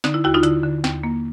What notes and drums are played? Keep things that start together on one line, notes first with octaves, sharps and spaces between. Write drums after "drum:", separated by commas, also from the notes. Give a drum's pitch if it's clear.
D3 D#4, drum: snare
E4
D#2 E4 F#4
D#4 F4
D3 E4, drum: hi-hat
D3
D#2, drum: snare
A#3